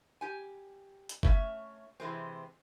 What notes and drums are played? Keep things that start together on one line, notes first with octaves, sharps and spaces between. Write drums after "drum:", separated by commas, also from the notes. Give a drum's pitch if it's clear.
G4 G#5
drum: hi-hat
A3 C#4 E5 F5, drum: kick F#1
C3 E3 G#3 C4